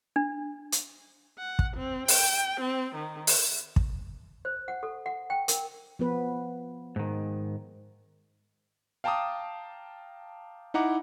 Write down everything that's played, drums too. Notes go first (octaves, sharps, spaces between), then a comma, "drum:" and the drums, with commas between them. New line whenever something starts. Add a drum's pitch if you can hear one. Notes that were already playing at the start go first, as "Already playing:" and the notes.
D4
drum: hi-hat
F#5
drum: kick
C4
G5, drum: open hi-hat
C4
D#3
drum: open hi-hat
drum: kick
C5
F#5
A4
F#5
G5
A#4, drum: hi-hat
F3 B3 B4
G#2 D#3
F5 G5 A5 A#5 D6 D#6
D#4 E4 F#5 A#5 D6